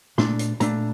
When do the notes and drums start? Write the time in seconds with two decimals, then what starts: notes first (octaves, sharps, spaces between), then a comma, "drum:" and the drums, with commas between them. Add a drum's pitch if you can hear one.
0.18 A#2 A3 D4 C6, drum: snare
0.39 drum: hi-hat
0.60 A#2 A3 D4 A#5, drum: hi-hat